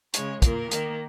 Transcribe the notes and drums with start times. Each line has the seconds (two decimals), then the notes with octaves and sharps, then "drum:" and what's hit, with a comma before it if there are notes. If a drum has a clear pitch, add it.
0.14 C#3 G#3 C#5, drum: hi-hat
0.42 A#2 A#3 A#4, drum: kick, hi-hat
0.71 D#3 A#3, drum: hi-hat